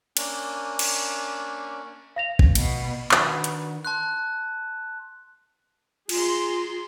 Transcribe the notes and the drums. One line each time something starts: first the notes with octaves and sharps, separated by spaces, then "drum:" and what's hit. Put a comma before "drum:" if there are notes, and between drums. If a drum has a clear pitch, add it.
A#3 C#4 D4, drum: cymbal
drum: cymbal
F5 A#6 F7
drum: kick
B2, drum: cymbal
D#3 D4 F#4 B4, drum: clap
drum: hi-hat
A5 C6 F#6
F4 G#4 A#5 C6, drum: cymbal